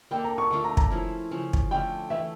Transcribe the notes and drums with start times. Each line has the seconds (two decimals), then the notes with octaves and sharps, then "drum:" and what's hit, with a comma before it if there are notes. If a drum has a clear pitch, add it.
0.11 A#3 D4 A4 G5
0.24 A#5
0.38 C#6
0.51 D3 A3 D4 F4 C#6
0.64 A#5
0.77 A#5, drum: kick
0.90 F3 C#4 E4
1.31 C#3 F3 C#4
1.53 drum: kick
1.71 D3 A3 C#4 G5
2.10 E3 A3 E4 E5